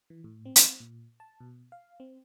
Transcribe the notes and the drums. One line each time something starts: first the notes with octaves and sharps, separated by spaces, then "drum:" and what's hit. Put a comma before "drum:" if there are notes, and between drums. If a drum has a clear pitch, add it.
E3
A2
C4
drum: hi-hat
A#2
A5
B2
F5
C4